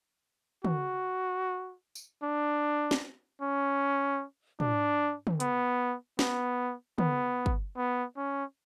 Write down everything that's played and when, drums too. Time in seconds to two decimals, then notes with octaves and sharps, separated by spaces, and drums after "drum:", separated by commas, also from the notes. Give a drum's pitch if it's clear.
0.65 F#4, drum: tom
1.95 drum: tambourine
2.23 D4
2.91 drum: snare
3.41 C#4
4.60 D4, drum: tom
5.27 drum: tom
5.40 B3, drum: hi-hat
6.19 B3, drum: snare
6.98 B3, drum: tom
7.46 drum: kick
7.77 B3
8.17 C#4